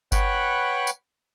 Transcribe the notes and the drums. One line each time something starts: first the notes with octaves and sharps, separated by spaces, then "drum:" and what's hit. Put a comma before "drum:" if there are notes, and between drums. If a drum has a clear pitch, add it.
B4 C#5 F#5 G5 B5 F#6, drum: kick G1, tambourine
drum: tambourine